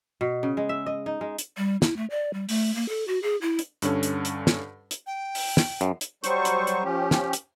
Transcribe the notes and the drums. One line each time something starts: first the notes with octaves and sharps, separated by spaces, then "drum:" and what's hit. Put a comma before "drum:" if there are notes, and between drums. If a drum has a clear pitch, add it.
B2
C#3
G#3
E5
D#5
D#4
G#3
drum: hi-hat
G3
E4, drum: snare
A3
D5
G3
A3, drum: open hi-hat
A#3
A4
F#4
G#4
E4
drum: hi-hat
G2 D3 C#4 A4, drum: hi-hat
drum: hi-hat
drum: hi-hat
drum: snare
drum: hi-hat
G5
drum: open hi-hat
drum: snare
F#2, drum: hi-hat
drum: hi-hat
F#3 G3 C5 C#6, drum: hi-hat
drum: hi-hat
drum: hi-hat
F3 C#4 G4
drum: snare
drum: hi-hat